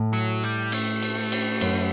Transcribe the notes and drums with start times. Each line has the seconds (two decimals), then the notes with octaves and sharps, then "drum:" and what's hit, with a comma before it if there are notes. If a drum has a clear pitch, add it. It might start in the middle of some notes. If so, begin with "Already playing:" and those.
Already playing: A2
0.13 F#3
0.44 G3
0.72 A3, drum: cymbal
1.02 drum: cymbal
1.32 drum: cymbal
1.61 F#2, drum: cymbal